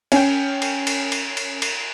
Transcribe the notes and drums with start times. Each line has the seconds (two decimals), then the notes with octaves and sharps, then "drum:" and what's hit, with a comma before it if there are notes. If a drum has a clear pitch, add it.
0.12 C#4 G5, drum: cymbal
0.62 drum: cymbal
0.87 drum: cymbal
1.12 drum: cymbal
1.37 drum: cymbal
1.62 drum: cymbal